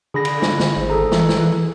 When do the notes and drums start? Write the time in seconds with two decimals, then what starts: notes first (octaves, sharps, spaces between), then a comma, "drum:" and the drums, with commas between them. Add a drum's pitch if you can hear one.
0.14 D3 G#4 B5 A#6
0.25 drum: cymbal
0.42 drum: snare
0.60 drum: snare
0.77 G#1 C5
0.90 G#4 A4 A#5
1.12 E3, drum: snare
1.29 drum: snare